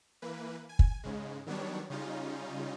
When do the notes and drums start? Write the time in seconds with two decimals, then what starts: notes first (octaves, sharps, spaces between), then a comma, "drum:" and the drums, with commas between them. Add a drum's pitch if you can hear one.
0.22 E3 A#3 B4
0.69 G#5
0.79 drum: kick
1.04 G#2 C#3 G#3
1.47 D#3 F#3 G3 B3 D4 C#5
1.90 C#3 G3 C#4 D#4 F4